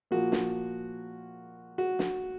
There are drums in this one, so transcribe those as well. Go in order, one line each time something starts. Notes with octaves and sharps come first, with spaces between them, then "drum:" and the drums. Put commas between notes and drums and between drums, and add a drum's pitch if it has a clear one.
A#2 F3 A#3 F#4
drum: snare
F#4
drum: snare